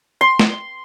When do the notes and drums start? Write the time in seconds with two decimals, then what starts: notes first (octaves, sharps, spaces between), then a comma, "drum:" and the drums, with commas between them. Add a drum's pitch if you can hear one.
0.21 C6
0.39 drum: snare